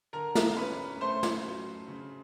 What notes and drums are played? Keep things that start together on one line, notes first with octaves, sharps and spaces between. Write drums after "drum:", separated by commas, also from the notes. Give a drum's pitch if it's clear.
D3 A#4 A#5
drum: snare
C#4 B4 B5
A3 C5 C6
drum: snare
F#3
C#3